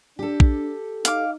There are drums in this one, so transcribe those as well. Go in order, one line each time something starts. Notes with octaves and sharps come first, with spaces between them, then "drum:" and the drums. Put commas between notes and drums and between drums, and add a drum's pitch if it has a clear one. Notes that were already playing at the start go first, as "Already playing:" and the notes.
D4 G4 A4
drum: kick
D#4 F5 D6, drum: hi-hat